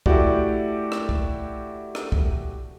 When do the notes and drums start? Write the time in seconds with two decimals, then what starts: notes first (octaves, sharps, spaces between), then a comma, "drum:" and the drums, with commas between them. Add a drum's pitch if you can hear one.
0.06 A3 E4 F#4 G4 D5, drum: kick
0.92 drum: rim click
1.09 drum: kick
1.95 drum: rim click
2.12 drum: kick